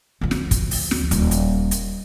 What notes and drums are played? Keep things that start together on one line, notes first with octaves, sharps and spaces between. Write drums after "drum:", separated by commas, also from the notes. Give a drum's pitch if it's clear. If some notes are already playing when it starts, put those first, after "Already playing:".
D2 F3
drum: snare
drum: kick, hi-hat
drum: open hi-hat
drum: snare
D#1, drum: hi-hat
drum: hi-hat
drum: hi-hat